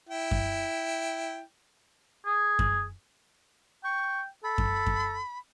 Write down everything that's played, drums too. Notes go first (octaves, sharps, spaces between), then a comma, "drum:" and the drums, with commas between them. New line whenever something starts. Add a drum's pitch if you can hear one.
E4 G5
drum: kick F#2
G#4
drum: kick F#2
G5 C#6
A4 B5
drum: kick F#2
drum: kick F#2